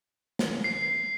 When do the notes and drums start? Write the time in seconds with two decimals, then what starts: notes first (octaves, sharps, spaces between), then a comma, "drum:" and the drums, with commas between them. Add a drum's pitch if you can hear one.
0.39 drum: snare
0.64 C7